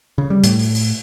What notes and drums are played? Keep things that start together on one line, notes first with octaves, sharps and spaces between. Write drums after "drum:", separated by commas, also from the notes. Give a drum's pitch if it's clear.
C#3
G3
A2, drum: hi-hat
drum: open hi-hat
drum: open hi-hat